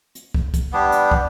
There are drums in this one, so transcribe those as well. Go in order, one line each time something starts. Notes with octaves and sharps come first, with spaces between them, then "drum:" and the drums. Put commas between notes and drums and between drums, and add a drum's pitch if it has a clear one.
drum: hi-hat
drum: kick
drum: kick, hi-hat
G3 B3 D4 G4
drum: hi-hat
drum: kick